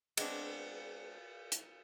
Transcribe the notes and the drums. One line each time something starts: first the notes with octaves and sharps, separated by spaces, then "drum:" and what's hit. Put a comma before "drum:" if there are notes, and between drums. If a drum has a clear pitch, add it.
G#3 B3 C4 D4, drum: cymbal
drum: hi-hat